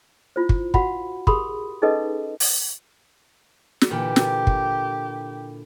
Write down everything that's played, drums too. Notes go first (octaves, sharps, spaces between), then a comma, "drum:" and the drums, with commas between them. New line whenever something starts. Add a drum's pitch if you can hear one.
E4 F4 C5
drum: kick
F#4 F5 F#5 B5, drum: kick
G4 G#4 A#4 B5 C6 D#6, drum: kick
C#4 D#4 G#4 A4 B4 D#5
drum: open hi-hat
drum: snare
A#2 D3 E3 G4
drum: snare
drum: kick